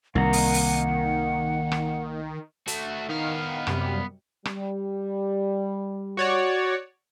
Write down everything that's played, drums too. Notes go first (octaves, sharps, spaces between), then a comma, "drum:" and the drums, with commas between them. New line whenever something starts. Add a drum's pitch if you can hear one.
C2 D#3 A#3 F#5 A#5
drum: open hi-hat
drum: open hi-hat
drum: rim click
A3 F#4, drum: hi-hat
D#3 B3 F5
F#2 C3 G3, drum: rim click
G3, drum: rim click
F#4 C#5 D5